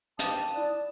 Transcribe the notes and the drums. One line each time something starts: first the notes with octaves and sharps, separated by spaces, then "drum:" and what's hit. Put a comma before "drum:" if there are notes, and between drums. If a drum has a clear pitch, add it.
F5 G5 A5 D6 D#6, drum: hi-hat
E4 D5 F#6 E7